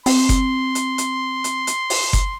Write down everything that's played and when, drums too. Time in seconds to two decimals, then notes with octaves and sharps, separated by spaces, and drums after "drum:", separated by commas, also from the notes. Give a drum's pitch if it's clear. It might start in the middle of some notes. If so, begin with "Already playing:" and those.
0.06 C4 C6, drum: open hi-hat
0.29 drum: kick F#1, hi-hat
0.75 drum: hi-hat
0.98 drum: hi-hat
1.44 drum: hi-hat
1.67 drum: hi-hat
1.90 drum: open hi-hat
2.13 drum: kick F#1, hi-hat